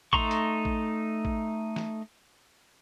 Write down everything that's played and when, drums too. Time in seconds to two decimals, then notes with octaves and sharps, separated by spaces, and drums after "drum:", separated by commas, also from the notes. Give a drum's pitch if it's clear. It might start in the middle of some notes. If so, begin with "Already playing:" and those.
0.13 A3 D#4 A#5 C6 C#6, drum: kick A1
0.31 drum: hi-hat
0.65 drum: kick A1
1.25 drum: kick A1
1.76 drum: snare